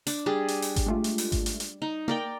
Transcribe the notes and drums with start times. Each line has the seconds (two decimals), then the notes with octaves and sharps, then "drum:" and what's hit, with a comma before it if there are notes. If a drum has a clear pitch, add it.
0.07 D4, drum: open hi-hat
0.26 G3 D4 G#4
0.48 drum: hi-hat
0.62 drum: open hi-hat
0.76 drum: kick G#1, hi-hat
0.86 G#3 A3 F4
1.04 drum: hi-hat
1.18 drum: open hi-hat
1.32 drum: kick G#1, hi-hat
1.46 drum: hi-hat
1.60 drum: hi-hat
1.82 D#4
2.08 A#3 A#4 D5 G5